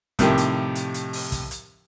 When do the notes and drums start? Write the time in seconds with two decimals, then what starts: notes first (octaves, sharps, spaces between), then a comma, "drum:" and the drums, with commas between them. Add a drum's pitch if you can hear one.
0.19 A2 C3 D#3 F3 G4, drum: kick, hi-hat
0.38 drum: hi-hat
0.75 drum: hi-hat
0.94 drum: hi-hat
1.13 drum: open hi-hat
1.32 drum: kick, hi-hat
1.51 drum: hi-hat